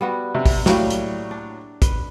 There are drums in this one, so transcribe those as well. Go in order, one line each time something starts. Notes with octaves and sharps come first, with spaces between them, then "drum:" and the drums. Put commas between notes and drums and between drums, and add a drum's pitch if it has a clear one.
G3 B3 F#4
C3
drum: kick, open hi-hat
A2 F#3 G3 A#3, drum: snare
drum: hi-hat
D4
B4, drum: kick, hi-hat